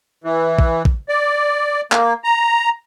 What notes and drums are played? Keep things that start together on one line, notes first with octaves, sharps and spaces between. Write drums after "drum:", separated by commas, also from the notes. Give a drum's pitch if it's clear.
E3
drum: kick
drum: kick
D5
A#3, drum: clap
A#5